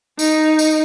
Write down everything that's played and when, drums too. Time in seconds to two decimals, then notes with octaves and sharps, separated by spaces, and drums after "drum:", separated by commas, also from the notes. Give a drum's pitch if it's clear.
0.19 D#4, drum: tambourine
0.59 drum: tambourine